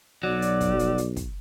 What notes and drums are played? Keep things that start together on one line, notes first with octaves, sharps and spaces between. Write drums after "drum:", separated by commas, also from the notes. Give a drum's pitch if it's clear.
B1 F#3 D5
drum: hi-hat
drum: kick, hi-hat
drum: hi-hat
drum: hi-hat
drum: kick, hi-hat